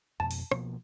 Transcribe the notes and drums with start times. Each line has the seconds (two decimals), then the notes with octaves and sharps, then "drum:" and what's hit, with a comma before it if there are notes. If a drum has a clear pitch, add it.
0.20 F2 B2 A5
0.31 drum: open hi-hat
0.52 B2 F3 A#3, drum: rim click